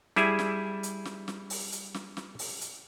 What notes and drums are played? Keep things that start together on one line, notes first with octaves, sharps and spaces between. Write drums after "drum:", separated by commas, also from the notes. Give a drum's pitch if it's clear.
G3 E4 G#4 E5, drum: snare
drum: snare
drum: hi-hat
drum: snare
drum: snare
drum: open hi-hat
drum: hi-hat
drum: snare
drum: snare
drum: open hi-hat
drum: hi-hat